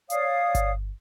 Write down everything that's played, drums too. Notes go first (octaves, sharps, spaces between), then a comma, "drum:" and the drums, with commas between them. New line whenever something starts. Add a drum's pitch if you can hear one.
C#5 D5 F5 D#6, drum: hi-hat
drum: kick G1, hi-hat